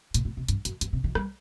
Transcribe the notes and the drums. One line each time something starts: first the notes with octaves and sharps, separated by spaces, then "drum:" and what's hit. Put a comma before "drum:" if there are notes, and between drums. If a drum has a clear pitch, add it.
A#2, drum: hi-hat
A2
C3
G2, drum: hi-hat
F#2, drum: hi-hat
G2, drum: hi-hat
C3
D#3
G3, drum: rim click